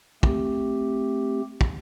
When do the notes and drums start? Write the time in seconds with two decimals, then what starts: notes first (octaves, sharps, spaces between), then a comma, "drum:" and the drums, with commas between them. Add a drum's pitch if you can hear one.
0.23 A3 C4 G4, drum: kick
1.61 drum: kick